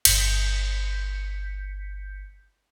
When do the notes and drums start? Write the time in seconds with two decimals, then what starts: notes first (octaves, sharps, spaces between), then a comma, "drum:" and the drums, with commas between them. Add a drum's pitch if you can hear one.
0.05 G1 G6 B6 C#7, drum: cymbal